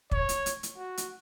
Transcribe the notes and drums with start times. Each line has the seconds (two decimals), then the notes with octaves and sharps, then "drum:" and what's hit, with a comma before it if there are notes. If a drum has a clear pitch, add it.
0.11 C#5, drum: kick
0.29 drum: hi-hat
0.46 drum: hi-hat
0.63 drum: hi-hat
0.77 F#4
0.98 drum: hi-hat